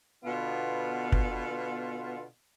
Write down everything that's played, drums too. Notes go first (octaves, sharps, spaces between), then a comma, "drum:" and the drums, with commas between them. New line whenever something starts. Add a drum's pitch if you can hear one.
B2 D3 B3 F4
drum: kick